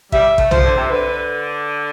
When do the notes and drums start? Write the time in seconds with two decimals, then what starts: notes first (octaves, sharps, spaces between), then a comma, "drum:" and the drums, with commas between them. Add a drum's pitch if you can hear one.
0.12 G3 E5, drum: kick A1
0.38 A3, drum: kick A1
0.51 F3 C5, drum: tom B1
0.64 D3
0.77 C3
0.90 D3 B4